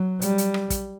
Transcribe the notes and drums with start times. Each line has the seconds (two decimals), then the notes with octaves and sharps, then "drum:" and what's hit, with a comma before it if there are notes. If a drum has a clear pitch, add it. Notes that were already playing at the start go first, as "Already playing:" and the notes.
Already playing: F#3
0.21 G3, drum: hi-hat
0.38 drum: hi-hat
0.54 drum: rim click
0.70 drum: kick, hi-hat